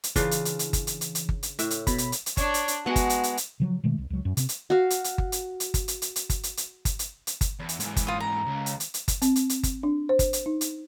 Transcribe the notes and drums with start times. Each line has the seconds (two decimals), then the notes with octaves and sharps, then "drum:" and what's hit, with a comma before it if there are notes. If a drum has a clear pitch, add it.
0.04 drum: hi-hat
0.16 C#3 E3 D4 F4, drum: kick G1, hi-hat
0.31 drum: hi-hat
0.45 drum: hi-hat
0.59 drum: hi-hat
0.73 drum: kick G1, hi-hat
0.87 drum: hi-hat
1.01 drum: hi-hat
1.15 drum: hi-hat
1.29 drum: kick G1
1.43 drum: hi-hat
1.59 A2 E5, drum: hi-hat
1.70 drum: hi-hat
1.87 B2 B5, drum: kick G1, hi-hat
1.98 drum: hi-hat
2.12 drum: hi-hat
2.26 drum: hi-hat
2.37 D4 C#5 D5, drum: kick G1, hi-hat
2.54 drum: hi-hat
2.68 drum: hi-hat
2.86 G#3 B3 F#4 F#5
2.96 drum: kick G1, hi-hat
3.10 drum: hi-hat
3.23 drum: hi-hat
3.37 drum: hi-hat
3.60 C#3 F3 F#3
3.84 B2 D#3 G#3 A3
3.98 C2
4.10 C#2 F#3
4.25 F#2
4.37 C3 C4, drum: hi-hat
4.49 drum: hi-hat
4.70 F#4 F5
4.90 drum: hi-hat
5.04 drum: hi-hat
5.18 drum: kick G1
5.32 drum: hi-hat
5.60 drum: hi-hat
5.74 drum: kick G1, hi-hat
5.88 drum: hi-hat
6.02 drum: hi-hat
6.16 drum: hi-hat
6.30 drum: kick G1, hi-hat
6.43 drum: hi-hat
6.57 drum: hi-hat
6.85 drum: kick G1, hi-hat
6.99 drum: hi-hat
7.27 drum: hi-hat
7.41 drum: kick G1, hi-hat
7.60 E2
7.69 drum: hi-hat
7.80 G#2 E3, drum: hi-hat
7.96 drum: kick G1, hi-hat
8.07 F4 D#6
8.20 A#5
8.47 C#2
8.66 drum: hi-hat
8.80 drum: hi-hat
8.94 drum: hi-hat
9.08 drum: kick G1, hi-hat
9.22 C4, drum: hi-hat
9.36 drum: hi-hat
9.49 drum: hi-hat
9.63 drum: kick G1, hi-hat
9.83 D4
10.09 C5
10.19 drum: kick G1, hi-hat
10.33 drum: hi-hat
10.46 D#4
10.61 drum: hi-hat